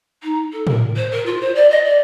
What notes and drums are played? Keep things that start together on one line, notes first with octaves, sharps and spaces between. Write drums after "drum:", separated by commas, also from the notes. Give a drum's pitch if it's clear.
D#4
A4
A#4, drum: tom
C5
A#4
F4
A#4
C5
D5
D#5
D5